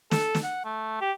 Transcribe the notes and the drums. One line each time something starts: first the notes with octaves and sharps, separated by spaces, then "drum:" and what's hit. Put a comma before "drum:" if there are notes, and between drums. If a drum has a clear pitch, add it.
A4, drum: snare
drum: snare
F#5
A3
G4